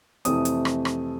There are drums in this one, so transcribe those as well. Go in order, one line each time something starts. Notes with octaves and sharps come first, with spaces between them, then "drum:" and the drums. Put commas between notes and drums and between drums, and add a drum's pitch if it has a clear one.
F2 C3 E3 A3 D#6, drum: hi-hat
drum: hi-hat
drum: rim click
drum: rim click